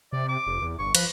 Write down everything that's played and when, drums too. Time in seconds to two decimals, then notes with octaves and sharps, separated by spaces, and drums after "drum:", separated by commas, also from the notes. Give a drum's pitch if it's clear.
0.12 C3 D5
0.28 D6
0.47 F1
0.62 E2
0.79 G1 C#6
0.95 F3 B4, drum: cymbal